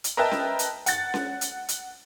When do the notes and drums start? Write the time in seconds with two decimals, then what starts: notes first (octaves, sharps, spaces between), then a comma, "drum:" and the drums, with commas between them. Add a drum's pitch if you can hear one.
0.04 drum: hi-hat
0.17 A#4 B4 D#5 E5 G5 A5
0.31 drum: snare C#4
0.59 drum: hi-hat
0.86 F#5 A6, drum: hi-hat
1.14 drum: snare C#4
1.41 drum: hi-hat
1.69 drum: hi-hat